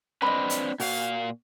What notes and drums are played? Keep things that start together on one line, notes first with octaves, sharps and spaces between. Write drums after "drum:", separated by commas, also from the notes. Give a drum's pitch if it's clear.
C4 D4 B4 D#5 B5
drum: hi-hat
A#2 F#4 F5, drum: open hi-hat